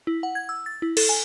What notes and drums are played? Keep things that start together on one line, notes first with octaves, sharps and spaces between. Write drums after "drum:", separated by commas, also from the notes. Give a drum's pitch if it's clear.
E4
F#5
G#6
E6
A6
E4
A4, drum: cymbal
G#5